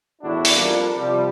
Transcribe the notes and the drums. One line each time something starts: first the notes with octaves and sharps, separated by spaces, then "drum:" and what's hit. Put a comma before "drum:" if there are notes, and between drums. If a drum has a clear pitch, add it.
E2 A2 D4 E4 F#4
drum: open hi-hat
F2 G3 A#3 D4
C3 F3 G3